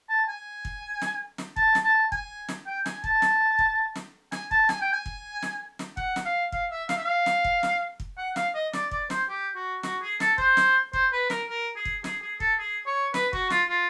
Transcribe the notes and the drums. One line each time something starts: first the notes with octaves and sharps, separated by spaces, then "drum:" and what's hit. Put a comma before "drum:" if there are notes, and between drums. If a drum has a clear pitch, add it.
A5
G#5
drum: kick
drum: snare
drum: snare
A5, drum: kick
drum: snare
A5
G#5, drum: kick
drum: snare
G5
G#5, drum: snare
A5, drum: kick
drum: snare
drum: kick
drum: snare
G#5, drum: snare
A5, drum: kick
G#5, drum: snare
G5
G#5
drum: kick
drum: snare
drum: snare
F#5, drum: kick
drum: snare
F5
F5, drum: kick
E5
F5, drum: snare
E5
F5
drum: snare
drum: kick
drum: snare
drum: kick
F#5
F5, drum: snare
D#5
D5, drum: snare
D5, drum: kick
C5, drum: snare
G4
F#4
F#4, drum: snare
G#4
A4, drum: snare
C5, drum: kick
drum: snare
C5, drum: kick
B4
A#4, drum: snare
A#4
G#4
drum: kick
G#4, drum: snare
G#4
A4, drum: kick
G#4
C#5
B4, drum: snare
F#4, drum: kick
F4, drum: snare
F4